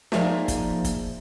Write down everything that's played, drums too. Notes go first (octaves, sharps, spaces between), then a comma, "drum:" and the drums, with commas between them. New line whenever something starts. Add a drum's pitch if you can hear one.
F3 A#3 D#4 G#4 D5 E5, drum: snare
drum: kick, hi-hat
drum: kick, hi-hat